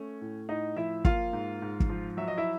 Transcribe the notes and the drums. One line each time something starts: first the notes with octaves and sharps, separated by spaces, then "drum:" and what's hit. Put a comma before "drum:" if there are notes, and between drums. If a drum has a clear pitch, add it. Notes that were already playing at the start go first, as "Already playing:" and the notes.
Already playing: A3 C#4
A2
A2 D#4 D#5
F3 E4 E5
A#3 F4 F5, drum: kick
G#2
G#2
drum: kick
F3
F#3 E5
D#5
E4 E5